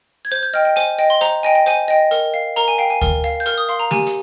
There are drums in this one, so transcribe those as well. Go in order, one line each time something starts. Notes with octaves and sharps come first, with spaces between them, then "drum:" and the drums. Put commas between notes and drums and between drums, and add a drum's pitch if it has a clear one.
G#6
C5 G6
G6
D#5 G5 F6
G5
C5 G#5, drum: hi-hat
D#5 G5
C6
C5 A#5, drum: hi-hat
D#5 G5 G#5
G5
C5 G#5, drum: hi-hat
D#5 G5
A#4, drum: hi-hat
F5
A#4 A#5, drum: hi-hat
G#5
F5 G5
G#5
A#4, drum: kick D2, hi-hat
F5
G6
A#4 F6, drum: hi-hat
D#6
F5 C6
A#5
G4 G#5, drum: snare
drum: hi-hat